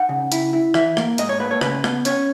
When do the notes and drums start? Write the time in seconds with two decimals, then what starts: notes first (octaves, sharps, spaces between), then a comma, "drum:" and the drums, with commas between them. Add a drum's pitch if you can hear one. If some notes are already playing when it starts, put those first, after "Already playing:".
Already playing: D#4 F#5
0.09 C#3
0.32 E4, drum: hi-hat
0.53 E4
0.74 E3 E5, drum: rim click
0.97 A#3, drum: rim click
1.18 G#2 D#5, drum: hi-hat
1.29 C#5
1.40 A#3 B4
1.51 C#5
1.61 C#3 B4, drum: rim click
1.84 B3, drum: rim click
2.05 C#4 C#5, drum: hi-hat